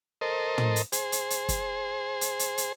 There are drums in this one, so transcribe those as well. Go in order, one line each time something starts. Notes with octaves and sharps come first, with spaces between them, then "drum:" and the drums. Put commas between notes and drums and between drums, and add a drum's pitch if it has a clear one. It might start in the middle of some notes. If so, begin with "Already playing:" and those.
A4 A#4 C5 D#5
drum: tom
drum: hi-hat
G#4 C5, drum: hi-hat
drum: hi-hat
drum: hi-hat
drum: kick, hi-hat
drum: hi-hat
drum: hi-hat
drum: hi-hat